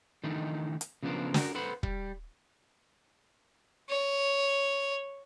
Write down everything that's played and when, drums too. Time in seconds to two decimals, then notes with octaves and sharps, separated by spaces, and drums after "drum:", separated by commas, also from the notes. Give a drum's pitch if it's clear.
0.24 D#3 E3 A3 D4 D#4
0.81 drum: hi-hat
1.03 C#3 F3 B3 D4 A#4 C5
1.34 F#4 A#4, drum: snare
1.55 A4 B4 C5 F#5 B5
1.83 G3, drum: kick
3.89 C#5